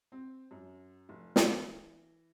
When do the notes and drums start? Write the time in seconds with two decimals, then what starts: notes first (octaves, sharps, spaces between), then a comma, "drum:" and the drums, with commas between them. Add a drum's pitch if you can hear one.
0.12 C4
0.51 F#2
1.09 F1
1.36 E3, drum: snare